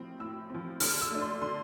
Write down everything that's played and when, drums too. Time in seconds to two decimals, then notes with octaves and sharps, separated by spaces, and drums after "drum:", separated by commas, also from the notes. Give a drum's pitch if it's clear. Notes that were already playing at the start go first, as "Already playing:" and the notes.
Already playing: A2 F3 C4
0.20 A2 E6
0.50 F3 C4
0.80 D3 F6, drum: open hi-hat
1.01 E6
1.11 A3 D4
1.22 C6
1.42 D3 C6